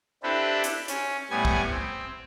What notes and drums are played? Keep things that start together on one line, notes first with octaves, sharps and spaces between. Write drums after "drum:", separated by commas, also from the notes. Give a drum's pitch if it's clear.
C4 D4 E4 G4 A4 B4
drum: hi-hat
C#4, drum: hi-hat
A2 G3 B3 G#5 G#6
drum: kick
C4